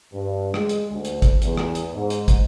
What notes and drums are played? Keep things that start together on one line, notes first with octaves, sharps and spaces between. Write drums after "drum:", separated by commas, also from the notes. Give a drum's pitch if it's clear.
G2
G#3, drum: rim click
drum: hi-hat
D2
drum: hi-hat
drum: kick, hi-hat
E2, drum: hi-hat
drum: rim click
drum: hi-hat
G#2
drum: hi-hat
drum: kick, hi-hat